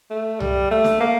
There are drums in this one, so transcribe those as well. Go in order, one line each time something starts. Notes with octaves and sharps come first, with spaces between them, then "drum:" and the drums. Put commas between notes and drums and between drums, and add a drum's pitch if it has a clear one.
A3
G3, drum: tom C2
A3
drum: snare
A#3